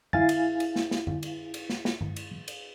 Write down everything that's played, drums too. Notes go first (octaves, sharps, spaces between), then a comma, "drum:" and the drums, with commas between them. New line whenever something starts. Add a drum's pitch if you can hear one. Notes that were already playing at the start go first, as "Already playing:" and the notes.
E4 F5 G#5 A6, drum: tom F#2
drum: cymbal
drum: cymbal
drum: snare
drum: snare
drum: tom F#2
drum: cymbal
drum: cymbal
drum: snare
drum: snare
drum: tom G2
drum: cymbal
drum: cymbal